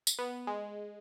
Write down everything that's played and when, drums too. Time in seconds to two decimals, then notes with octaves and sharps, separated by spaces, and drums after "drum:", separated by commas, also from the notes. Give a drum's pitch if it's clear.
0.07 drum: tambourine
0.19 B3
0.47 G#3